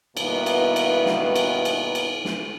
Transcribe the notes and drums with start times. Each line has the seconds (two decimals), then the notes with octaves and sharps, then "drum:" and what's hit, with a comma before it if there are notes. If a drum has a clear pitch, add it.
0.17 G2 B2 D#3 A#3 B3 E4, drum: cymbal
0.46 drum: cymbal
0.76 drum: cymbal
1.06 drum: snare
1.36 drum: cymbal
1.65 drum: cymbal
1.95 drum: cymbal
2.25 drum: snare